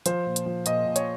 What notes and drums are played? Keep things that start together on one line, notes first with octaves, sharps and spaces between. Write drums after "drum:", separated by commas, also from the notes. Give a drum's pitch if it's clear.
F3 C5, drum: hi-hat
A#2
drum: hi-hat
F3
A#2 D#5, drum: hi-hat
A#2
C#5, drum: hi-hat